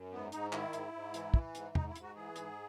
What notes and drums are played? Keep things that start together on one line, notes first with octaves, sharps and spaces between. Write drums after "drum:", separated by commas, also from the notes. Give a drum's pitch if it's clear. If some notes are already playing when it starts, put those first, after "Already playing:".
Already playing: F#2
G#2 B3
G#2 D#4, drum: hi-hat
D#3 E4, drum: clap
G#2, drum: hi-hat
G#2
E3, drum: hi-hat
E3, drum: kick
G#2, drum: hi-hat
G#2 D#4, drum: tom E2
E4
G#2, drum: hi-hat
F#4
E3 G#4
G#2, drum: hi-hat